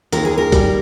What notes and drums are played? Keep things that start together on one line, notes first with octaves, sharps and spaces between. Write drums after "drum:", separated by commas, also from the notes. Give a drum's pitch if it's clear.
D#2 A#4, drum: hi-hat
G#4
A#4
G3, drum: kick B1, hi-hat